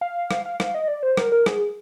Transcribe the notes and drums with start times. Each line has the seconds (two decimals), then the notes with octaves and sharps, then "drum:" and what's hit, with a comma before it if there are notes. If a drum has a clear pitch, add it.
0.01 F5
0.31 drum: rim click
0.46 F5
0.60 F5, drum: rim click
0.75 D#5
0.88 D5
1.03 C5
1.17 A#4, drum: rim click
1.32 A#4
1.46 G#4, drum: rim click